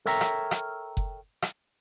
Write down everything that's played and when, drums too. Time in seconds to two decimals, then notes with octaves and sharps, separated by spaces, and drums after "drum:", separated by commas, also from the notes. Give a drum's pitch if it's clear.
0.06 A4 A#4 C#5 E5 G5 A#5
0.21 drum: rim click
0.51 drum: rim click
0.97 drum: kick F#1
1.42 drum: rim click